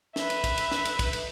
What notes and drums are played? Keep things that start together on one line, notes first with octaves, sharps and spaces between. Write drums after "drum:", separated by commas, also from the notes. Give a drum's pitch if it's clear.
B4 E5, drum: snare
drum: cymbal
drum: kick, cymbal
drum: cymbal
drum: snare
drum: cymbal
drum: kick, cymbal
drum: cymbal